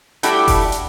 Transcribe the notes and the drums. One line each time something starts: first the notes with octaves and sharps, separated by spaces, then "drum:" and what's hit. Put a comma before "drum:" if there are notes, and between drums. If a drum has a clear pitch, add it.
G3 A3 D4 E4 F#4 G4, drum: hi-hat
drum: kick F1, open hi-hat
drum: hi-hat